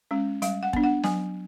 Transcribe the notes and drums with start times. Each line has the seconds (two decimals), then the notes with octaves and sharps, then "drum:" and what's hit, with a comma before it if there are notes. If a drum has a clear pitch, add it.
0.11 G#3 C#4
0.42 G3 F5, drum: hi-hat
0.63 F#5
0.73 B3 D4, drum: kick
0.84 F#5
1.04 F#3 G#5, drum: snare